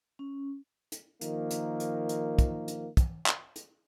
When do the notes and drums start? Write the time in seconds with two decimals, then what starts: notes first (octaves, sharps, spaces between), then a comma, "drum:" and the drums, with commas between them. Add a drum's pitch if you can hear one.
0.19 C#4
0.92 drum: hi-hat
1.21 D#3 F3 A#3, drum: hi-hat
1.51 drum: hi-hat
1.80 drum: hi-hat
2.09 drum: hi-hat
2.39 drum: kick, hi-hat
2.68 drum: hi-hat
2.97 drum: kick, hi-hat
3.26 drum: clap
3.56 drum: hi-hat